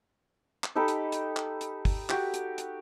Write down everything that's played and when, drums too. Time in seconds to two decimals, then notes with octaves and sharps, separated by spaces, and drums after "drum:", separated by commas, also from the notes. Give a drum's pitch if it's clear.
0.64 drum: clap
0.76 D#4 G4 A4 B5
0.88 drum: hi-hat
1.12 drum: hi-hat
1.37 drum: clap
1.61 drum: hi-hat
1.85 drum: kick, open hi-hat
2.09 F#4 G4, drum: clap
2.34 drum: hi-hat
2.58 drum: hi-hat